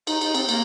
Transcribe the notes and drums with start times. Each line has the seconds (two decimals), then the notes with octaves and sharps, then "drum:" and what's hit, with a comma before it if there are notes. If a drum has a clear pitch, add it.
0.07 D#4, drum: cymbal
0.21 D#4, drum: cymbal
0.35 C4, drum: cymbal
0.49 A#3, drum: cymbal